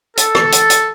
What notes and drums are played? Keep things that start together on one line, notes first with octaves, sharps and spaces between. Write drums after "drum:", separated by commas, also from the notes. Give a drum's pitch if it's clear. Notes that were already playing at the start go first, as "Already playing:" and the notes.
A4, drum: hi-hat
drum: rim click
drum: hi-hat
drum: hi-hat